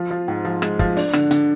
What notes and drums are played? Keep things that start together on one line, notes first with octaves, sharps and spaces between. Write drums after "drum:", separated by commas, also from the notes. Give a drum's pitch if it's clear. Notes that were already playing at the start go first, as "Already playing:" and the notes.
Already playing: F3 F4
F3
G#2
F3
G#3, drum: rim click
F3, drum: kick
D4, drum: open hi-hat
D3, drum: rim click
D3, drum: hi-hat